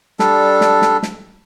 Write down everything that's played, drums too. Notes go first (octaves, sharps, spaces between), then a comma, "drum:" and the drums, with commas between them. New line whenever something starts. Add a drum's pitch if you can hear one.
G3 D4 A4, drum: snare
drum: snare
drum: snare
drum: snare